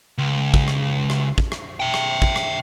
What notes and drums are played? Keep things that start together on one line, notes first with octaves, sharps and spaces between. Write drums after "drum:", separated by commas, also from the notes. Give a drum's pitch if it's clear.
C#2
drum: kick
drum: rim click
drum: rim click
drum: kick
drum: rim click
E5 G5
drum: rim click
drum: kick
drum: rim click